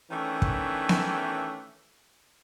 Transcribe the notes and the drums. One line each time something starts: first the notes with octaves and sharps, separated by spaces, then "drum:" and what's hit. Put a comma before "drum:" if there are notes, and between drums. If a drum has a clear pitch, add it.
D#3 E3 A3 C#4 D4
drum: kick
drum: snare B3